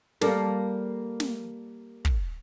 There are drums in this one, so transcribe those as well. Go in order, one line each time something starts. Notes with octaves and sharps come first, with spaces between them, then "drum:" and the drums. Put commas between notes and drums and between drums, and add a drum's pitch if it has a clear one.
G3 A#3 A4, drum: snare
drum: snare
drum: kick